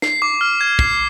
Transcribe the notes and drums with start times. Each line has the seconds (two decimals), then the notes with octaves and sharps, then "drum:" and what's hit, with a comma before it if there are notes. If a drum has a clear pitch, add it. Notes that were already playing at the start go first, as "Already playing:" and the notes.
0.02 C7, drum: snare
0.22 D6
0.41 F6
0.61 G#6
0.79 C7, drum: kick